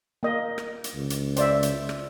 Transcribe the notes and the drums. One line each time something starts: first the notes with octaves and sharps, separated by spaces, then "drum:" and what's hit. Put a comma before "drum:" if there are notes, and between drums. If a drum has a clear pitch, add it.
A#3 D#5
drum: rim click
drum: hi-hat
C#2
drum: hi-hat
C5 D5 E5, drum: hi-hat
drum: hi-hat
drum: rim click